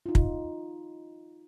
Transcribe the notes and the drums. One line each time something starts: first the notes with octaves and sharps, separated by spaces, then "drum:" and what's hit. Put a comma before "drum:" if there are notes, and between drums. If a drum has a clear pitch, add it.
D#4 F4
drum: kick